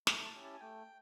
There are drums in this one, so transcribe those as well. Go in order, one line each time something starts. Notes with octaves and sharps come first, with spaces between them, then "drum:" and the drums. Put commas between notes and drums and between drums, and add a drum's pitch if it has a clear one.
A3 A#5, drum: snare
A5
C#4 E4 G4
A5
G#5
A3 G5